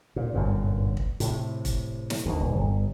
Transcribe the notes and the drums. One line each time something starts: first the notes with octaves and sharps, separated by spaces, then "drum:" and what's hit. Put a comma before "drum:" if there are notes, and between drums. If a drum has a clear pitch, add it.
A#2
G1 F#2 A#2
drum: kick
A2 C3, drum: hi-hat
drum: kick, hi-hat
drum: snare
D2 D#3
D#1
G1